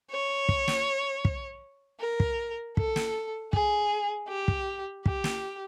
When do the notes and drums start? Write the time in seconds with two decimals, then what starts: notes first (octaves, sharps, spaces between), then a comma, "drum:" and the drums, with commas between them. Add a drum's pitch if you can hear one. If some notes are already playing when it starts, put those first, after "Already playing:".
0.11 C#5
0.49 drum: kick
0.68 drum: snare
1.25 drum: kick
2.00 A#4
2.20 drum: kick
2.77 A4, drum: kick
2.96 drum: snare
3.53 G#4, drum: kick
4.28 G4
4.48 drum: kick
5.06 G4, drum: kick
5.24 drum: snare